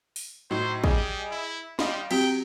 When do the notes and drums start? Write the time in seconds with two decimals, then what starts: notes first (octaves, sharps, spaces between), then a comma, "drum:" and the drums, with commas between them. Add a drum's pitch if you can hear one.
0.16 drum: open hi-hat
0.51 A2 F#3 D#4 C5
0.84 G3 G#4 D#5, drum: kick
1.31 E4
1.79 G3 D#5 F5 C6, drum: snare
2.11 F#3 C4 G4 G5, drum: cymbal